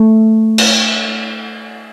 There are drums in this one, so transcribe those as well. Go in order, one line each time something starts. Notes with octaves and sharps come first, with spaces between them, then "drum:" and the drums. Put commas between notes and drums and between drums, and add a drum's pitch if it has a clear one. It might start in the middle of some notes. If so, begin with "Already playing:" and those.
Already playing: A3
drum: cymbal